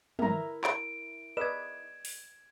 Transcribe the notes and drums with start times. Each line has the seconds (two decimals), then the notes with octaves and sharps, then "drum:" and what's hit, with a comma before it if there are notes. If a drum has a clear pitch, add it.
0.19 E4 A#4 E5 A#5, drum: tom
0.64 D7, drum: clap
1.37 B4 D5 D#5 G#6 E7
2.05 drum: open hi-hat